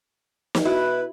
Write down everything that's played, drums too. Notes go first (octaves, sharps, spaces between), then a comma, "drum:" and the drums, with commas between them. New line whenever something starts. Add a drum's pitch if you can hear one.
drum: snare
B2 E4 F#4 B4